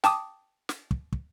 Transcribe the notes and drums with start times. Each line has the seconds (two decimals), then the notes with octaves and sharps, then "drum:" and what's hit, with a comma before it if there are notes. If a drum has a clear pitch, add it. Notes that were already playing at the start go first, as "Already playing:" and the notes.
0.04 G5 A5 D6 D#6, drum: snare
0.69 drum: snare
0.91 drum: kick
1.12 drum: kick